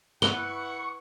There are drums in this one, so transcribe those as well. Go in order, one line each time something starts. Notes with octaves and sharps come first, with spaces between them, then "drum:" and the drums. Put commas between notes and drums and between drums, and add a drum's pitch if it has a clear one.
E4 B4 F#5 C#6 G7, drum: snare